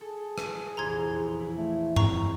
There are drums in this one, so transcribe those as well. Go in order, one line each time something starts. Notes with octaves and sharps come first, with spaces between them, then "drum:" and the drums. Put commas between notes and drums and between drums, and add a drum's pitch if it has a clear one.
G#4 A4
drum: rim click
F1 A#1 E2 A#5 C6 G#6
E4
A3
F2 A#5 C#6, drum: tom G2